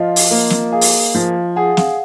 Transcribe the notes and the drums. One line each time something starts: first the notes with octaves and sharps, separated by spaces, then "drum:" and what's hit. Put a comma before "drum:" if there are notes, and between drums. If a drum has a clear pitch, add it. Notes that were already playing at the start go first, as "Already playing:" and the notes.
Already playing: F3 F4 D#5 F5
drum: open hi-hat
A#3
drum: snare
G#4 F5
drum: open hi-hat
F3
G#4 F#5
F5, drum: snare